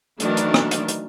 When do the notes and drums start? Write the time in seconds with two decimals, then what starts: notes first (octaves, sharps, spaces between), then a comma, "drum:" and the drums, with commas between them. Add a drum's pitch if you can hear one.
0.20 D#3 E3 F#3 A3 D4, drum: hi-hat
0.37 drum: hi-hat
0.54 drum: rim click
0.71 drum: hi-hat
0.88 drum: hi-hat